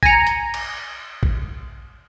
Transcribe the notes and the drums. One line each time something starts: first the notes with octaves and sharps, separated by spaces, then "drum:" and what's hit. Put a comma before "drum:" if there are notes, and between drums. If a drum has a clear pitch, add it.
G#5 A#5 A#6 C#7, drum: kick A1
drum: hi-hat
drum: cymbal
drum: kick A1